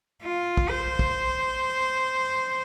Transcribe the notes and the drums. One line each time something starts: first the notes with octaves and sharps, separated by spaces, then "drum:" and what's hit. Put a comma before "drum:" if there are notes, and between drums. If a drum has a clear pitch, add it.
F4
drum: kick
C5
drum: kick